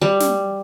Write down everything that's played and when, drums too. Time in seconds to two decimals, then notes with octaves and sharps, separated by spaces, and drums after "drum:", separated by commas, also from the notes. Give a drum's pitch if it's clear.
0.01 G3
0.20 drum: snare